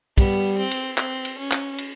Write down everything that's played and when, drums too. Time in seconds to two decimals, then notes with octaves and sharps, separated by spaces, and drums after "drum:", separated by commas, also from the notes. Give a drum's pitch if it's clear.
0.18 G3 B3, drum: kick, cymbal
0.58 C4
0.71 drum: cymbal
0.98 C4, drum: clap
1.25 drum: cymbal
1.38 C#4
1.51 drum: clap
1.78 drum: cymbal